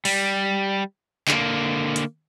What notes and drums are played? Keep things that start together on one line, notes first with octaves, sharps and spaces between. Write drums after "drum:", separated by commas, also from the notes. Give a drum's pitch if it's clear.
G3, drum: open hi-hat
D3 A#3, drum: clap
drum: hi-hat